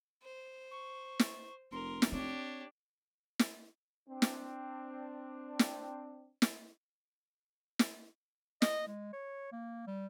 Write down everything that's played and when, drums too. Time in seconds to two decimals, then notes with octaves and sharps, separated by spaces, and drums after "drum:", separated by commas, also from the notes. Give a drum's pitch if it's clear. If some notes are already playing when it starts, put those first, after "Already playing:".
0.23 C5
0.71 C#6
1.19 drum: snare
1.72 F1 A#4 C6
2.02 drum: snare
2.12 C4 D4 G4 C#5
3.39 drum: snare
4.09 C4 D4
4.22 drum: snare
5.59 drum: snare
6.42 drum: snare
7.79 drum: snare
8.62 D#5, drum: snare
8.87 G#3
9.13 C#5
9.52 A#3
9.87 G3